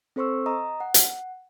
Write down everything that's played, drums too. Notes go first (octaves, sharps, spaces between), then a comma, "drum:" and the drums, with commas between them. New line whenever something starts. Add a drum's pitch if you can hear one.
C4 A4 C5 C6 C#6 E6
D#5 A#5 D#6
F#5
drum: hi-hat